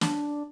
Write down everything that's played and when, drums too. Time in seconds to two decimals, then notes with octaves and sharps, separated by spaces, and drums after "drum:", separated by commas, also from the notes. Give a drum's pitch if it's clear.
0.01 D4, drum: snare